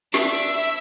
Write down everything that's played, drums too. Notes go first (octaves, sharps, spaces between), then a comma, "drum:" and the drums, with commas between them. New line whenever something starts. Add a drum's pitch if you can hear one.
D4 E5, drum: snare
drum: hi-hat
E4